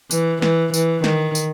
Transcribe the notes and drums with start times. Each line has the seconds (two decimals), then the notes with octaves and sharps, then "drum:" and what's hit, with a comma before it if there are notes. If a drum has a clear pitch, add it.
0.11 E3, drum: tambourine
0.42 E3, drum: snare
0.74 E3, drum: tambourine
1.04 D#3, drum: snare
1.35 drum: tambourine